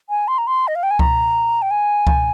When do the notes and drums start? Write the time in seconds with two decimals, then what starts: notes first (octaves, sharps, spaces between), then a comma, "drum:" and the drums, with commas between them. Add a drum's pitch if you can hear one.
0.10 G#5
0.28 C6
0.38 A#5
0.47 C6
0.68 D#5
0.75 F5
0.83 G5
0.91 G#5
0.99 A#5, drum: kick C#2
1.62 G5
1.71 G#5
2.07 drum: kick C#2